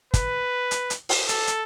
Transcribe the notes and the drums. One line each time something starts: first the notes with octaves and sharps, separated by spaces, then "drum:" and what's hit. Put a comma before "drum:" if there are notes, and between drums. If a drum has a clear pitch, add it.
B4, drum: kick, hi-hat
drum: hi-hat
drum: hi-hat
drum: open hi-hat
A4, drum: hi-hat
drum: hi-hat